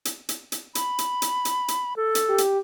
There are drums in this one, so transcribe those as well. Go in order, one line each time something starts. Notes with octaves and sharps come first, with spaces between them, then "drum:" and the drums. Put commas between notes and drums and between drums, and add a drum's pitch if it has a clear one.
drum: hi-hat
drum: hi-hat
drum: hi-hat
B5, drum: hi-hat
drum: hi-hat
drum: hi-hat
drum: hi-hat
drum: hi-hat
A4
drum: hi-hat
G4
drum: hi-hat